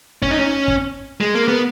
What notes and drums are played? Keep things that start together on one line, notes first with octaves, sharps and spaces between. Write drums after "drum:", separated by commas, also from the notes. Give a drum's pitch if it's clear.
C#4, drum: kick
D#4
C#4
drum: kick
G#3
A#3
B3